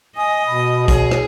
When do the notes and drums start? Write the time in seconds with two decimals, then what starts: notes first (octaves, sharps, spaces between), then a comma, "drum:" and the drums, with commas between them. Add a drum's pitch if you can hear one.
0.17 D#5 G#5 D#6
0.46 B2 B5
0.88 G#4 C#5, drum: kick, hi-hat
1.11 drum: rim click